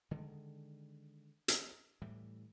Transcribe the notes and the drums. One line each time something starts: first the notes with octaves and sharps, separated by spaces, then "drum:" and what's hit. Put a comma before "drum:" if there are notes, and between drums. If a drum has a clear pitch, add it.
D3 D#3 G#3
drum: hi-hat
A2 E3 G3